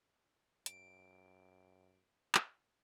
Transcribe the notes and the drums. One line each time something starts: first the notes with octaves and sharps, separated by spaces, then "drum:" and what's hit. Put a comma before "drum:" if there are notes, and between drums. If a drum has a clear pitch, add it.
F#2 D7, drum: hi-hat
drum: clap